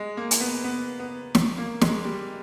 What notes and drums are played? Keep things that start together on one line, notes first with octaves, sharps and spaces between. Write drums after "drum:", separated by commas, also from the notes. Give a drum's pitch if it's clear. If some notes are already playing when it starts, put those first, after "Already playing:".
Already playing: G#3
A#3
drum: hi-hat
B3
B3
B3
drum: snare
A#3
G#3, drum: snare
G3